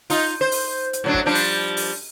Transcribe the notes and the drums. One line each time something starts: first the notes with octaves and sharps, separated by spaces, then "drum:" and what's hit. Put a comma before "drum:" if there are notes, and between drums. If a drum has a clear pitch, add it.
D#4 F4, drum: open hi-hat
C5
drum: open hi-hat
drum: hi-hat
A2 F#3 D4
drum: kick
F3 G3 D4
drum: open hi-hat
drum: open hi-hat